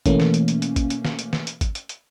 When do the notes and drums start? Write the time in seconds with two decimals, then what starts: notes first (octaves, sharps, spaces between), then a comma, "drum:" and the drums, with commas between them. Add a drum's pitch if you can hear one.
0.06 B2 E3 A3 A#3 C#4, drum: kick G#1, hi-hat
0.20 drum: snare
0.34 drum: hi-hat
0.48 drum: hi-hat
0.62 drum: hi-hat
0.76 drum: kick G#1, hi-hat
0.90 drum: hi-hat
1.05 drum: snare
1.19 drum: hi-hat
1.33 drum: snare
1.47 drum: hi-hat
1.61 drum: kick G#1, hi-hat
1.75 drum: hi-hat
1.89 drum: hi-hat